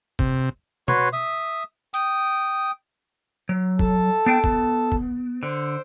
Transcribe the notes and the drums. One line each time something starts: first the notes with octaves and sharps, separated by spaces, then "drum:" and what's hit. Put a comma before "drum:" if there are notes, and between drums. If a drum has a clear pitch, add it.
C3, drum: kick
F#4 B4 C#5 C6, drum: tom B2
E5 D#6
G5 D#6, drum: hi-hat
F#3
A4 A5, drum: kick
B3 D4 G5
B3, drum: kick
drum: kick
D3 C5